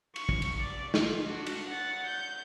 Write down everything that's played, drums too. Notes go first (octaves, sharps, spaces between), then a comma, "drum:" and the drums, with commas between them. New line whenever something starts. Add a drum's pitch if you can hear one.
C#6, drum: cymbal
drum: kick
drum: cymbal
D5
F4, drum: snare
D4 F#4
drum: cymbal
F#5 A6
G6